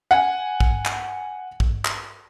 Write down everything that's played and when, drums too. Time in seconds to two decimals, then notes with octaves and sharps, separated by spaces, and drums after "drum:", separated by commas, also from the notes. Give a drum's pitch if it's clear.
0.11 F#5 G#5
0.60 drum: kick
0.85 drum: clap
1.60 drum: kick
1.85 drum: clap